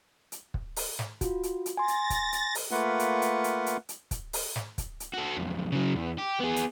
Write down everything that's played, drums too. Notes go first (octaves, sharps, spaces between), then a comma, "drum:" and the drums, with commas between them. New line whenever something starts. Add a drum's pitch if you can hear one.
drum: hi-hat
drum: kick
drum: open hi-hat
drum: snare
F4 F#4, drum: kick, hi-hat
drum: hi-hat
drum: hi-hat
G#5 C6 A6 A#6
drum: hi-hat
drum: kick, hi-hat
drum: hi-hat
drum: open hi-hat
A3 A#3 F4 B4 F#5
drum: hi-hat
drum: hi-hat
drum: hi-hat
drum: hi-hat
drum: hi-hat
drum: kick, hi-hat
drum: open hi-hat
drum: snare
drum: kick, hi-hat
drum: hi-hat
F#4 A4
B1 F2
C#3 F#3
E2
G4
B3 G#4
drum: hi-hat